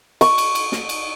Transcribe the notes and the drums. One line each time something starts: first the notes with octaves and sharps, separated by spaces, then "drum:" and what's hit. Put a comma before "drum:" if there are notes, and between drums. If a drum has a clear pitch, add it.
C#6, drum: cymbal
drum: cymbal
drum: cymbal
drum: snare
drum: cymbal